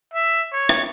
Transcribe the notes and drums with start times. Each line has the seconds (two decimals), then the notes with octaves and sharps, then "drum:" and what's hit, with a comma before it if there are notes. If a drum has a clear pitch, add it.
0.14 E5
0.53 C#5
0.69 drum: rim click